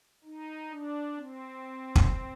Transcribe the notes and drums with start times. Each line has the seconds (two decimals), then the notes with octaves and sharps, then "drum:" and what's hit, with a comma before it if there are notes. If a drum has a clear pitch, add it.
0.24 D#4
0.70 D4
1.16 C4
1.96 drum: kick